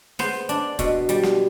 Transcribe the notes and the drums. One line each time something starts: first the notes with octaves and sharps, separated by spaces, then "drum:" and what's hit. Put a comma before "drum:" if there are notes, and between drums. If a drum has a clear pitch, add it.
B3 C5, drum: open hi-hat
D4, drum: hi-hat
B2, drum: kick E1, hi-hat
G3, drum: hi-hat
drum: snare